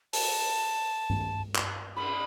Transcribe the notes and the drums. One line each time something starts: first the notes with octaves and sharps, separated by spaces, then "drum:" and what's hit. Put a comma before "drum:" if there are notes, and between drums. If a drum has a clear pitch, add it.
A5, drum: open hi-hat
drum: tom G2
drum: clap
B5, drum: cymbal